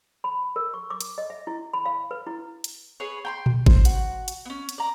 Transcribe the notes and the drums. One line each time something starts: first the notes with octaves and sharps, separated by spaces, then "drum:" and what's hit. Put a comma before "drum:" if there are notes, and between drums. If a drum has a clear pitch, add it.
B5
A#4
C#6
D6
drum: hi-hat
D#5
E5
E4
B5
F5
B4
E4
drum: hi-hat
G#4 B4 C#5
G5 B5 C6
drum: tom A#2
C5, drum: kick G1
F#4, drum: hi-hat
drum: hi-hat
B3 C#4
drum: hi-hat
D5 A#5